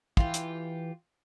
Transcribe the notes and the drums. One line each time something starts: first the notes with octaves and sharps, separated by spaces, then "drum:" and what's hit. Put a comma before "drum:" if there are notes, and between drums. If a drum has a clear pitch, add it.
E3 F4 G4, drum: kick
drum: hi-hat